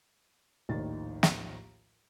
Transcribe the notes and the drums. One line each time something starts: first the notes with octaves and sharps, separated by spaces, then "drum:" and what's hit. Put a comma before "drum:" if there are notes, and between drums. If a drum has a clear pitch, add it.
A#1 D#2 A2 D#3 F3 A6
drum: snare